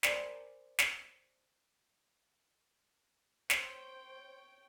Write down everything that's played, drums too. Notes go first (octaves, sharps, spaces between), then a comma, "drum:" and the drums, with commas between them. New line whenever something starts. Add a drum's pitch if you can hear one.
A#4 C5 D5 G5 G#5 B5, drum: snare
drum: snare
C5 C#5 G5, drum: snare